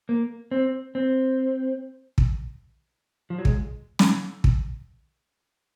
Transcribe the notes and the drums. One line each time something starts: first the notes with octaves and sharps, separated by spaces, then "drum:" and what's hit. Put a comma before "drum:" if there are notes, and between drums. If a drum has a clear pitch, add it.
A#3
C4
C4
drum: kick
F3
F#3
G#3, drum: kick
drum: snare
drum: kick